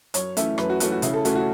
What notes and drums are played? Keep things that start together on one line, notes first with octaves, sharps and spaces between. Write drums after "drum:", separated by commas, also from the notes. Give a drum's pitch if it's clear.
F#2 C#5, drum: hi-hat
E3 A3 C#4 E5, drum: hi-hat
F#2 B4, drum: rim click
F#4
E3 A3 C#4 F#4, drum: hi-hat
F#4
C#3 E4, drum: hi-hat
A4
A3 C#4 F#4, drum: hi-hat
F#4